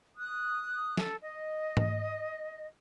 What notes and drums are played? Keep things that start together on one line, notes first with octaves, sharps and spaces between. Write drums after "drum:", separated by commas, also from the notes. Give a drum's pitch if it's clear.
D#6 F#6
A4, drum: snare
D#5
drum: tom G#2